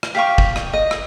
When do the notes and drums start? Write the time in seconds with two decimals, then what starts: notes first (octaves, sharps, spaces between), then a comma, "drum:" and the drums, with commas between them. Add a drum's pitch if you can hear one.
0.03 drum: rim click
0.15 G4 F5 G5 C#6
0.38 drum: kick
0.56 drum: rim click
0.73 D#5
0.91 drum: rim click